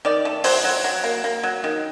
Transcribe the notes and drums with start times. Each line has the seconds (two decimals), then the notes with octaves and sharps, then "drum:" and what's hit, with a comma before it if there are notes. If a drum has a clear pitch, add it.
0.05 D#3 D5
0.25 A3
0.44 F#3 C5, drum: open hi-hat
0.64 F#3
0.84 F#3
1.04 A#3
1.24 A#3
1.43 F#3
1.64 D#3